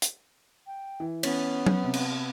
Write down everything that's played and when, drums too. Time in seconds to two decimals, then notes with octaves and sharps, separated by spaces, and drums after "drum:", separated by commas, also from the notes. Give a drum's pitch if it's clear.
0.02 drum: hi-hat
0.67 G5
1.00 E3
1.23 B3 C#4 C#5, drum: cymbal
1.66 drum: tom F#3
1.84 C3
1.94 drum: cymbal